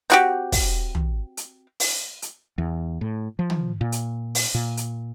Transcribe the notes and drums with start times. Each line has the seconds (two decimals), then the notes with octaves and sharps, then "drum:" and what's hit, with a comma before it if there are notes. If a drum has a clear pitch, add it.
0.10 C4 F#4 G4, drum: hi-hat
0.52 drum: kick, open hi-hat
0.95 drum: tom
1.37 drum: hi-hat
1.80 drum: open hi-hat
2.22 drum: hi-hat
2.58 E2
3.01 A2
3.39 F3
3.50 drum: tom
3.81 A#2
3.92 drum: hi-hat
4.35 drum: open hi-hat
4.54 A#2
4.77 drum: hi-hat